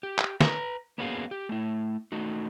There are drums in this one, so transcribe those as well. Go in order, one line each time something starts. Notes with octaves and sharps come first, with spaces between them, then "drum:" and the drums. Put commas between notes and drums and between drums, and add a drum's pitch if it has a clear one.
G4
drum: clap
B4 A#5, drum: snare
A#3 B3 C#4 F#4 G#4 F5
G4
A3 E4
A3 D#4 F#4